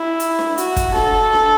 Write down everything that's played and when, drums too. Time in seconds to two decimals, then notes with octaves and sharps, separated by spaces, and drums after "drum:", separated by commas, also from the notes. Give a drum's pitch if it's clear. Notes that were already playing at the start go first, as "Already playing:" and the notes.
Already playing: E4
0.20 drum: hi-hat
0.39 drum: snare D4
0.58 F#4, drum: hi-hat
0.76 drum: kick, hi-hat
0.95 A4, drum: snare D4
1.33 drum: snare D4